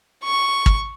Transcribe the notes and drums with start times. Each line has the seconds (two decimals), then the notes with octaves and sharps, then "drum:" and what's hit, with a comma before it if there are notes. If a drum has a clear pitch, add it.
0.24 C#6
0.66 drum: kick